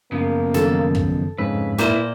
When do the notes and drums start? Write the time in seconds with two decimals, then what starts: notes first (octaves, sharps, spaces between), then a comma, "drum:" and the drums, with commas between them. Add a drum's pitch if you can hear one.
0.12 F#2 C#3 F3 A#3 B3
0.54 F#2 D#3 F#3 A4, drum: snare
0.95 drum: kick
1.38 F2 G#2 C#3 B4 E6
1.78 A#2 A#3 E4 C5, drum: snare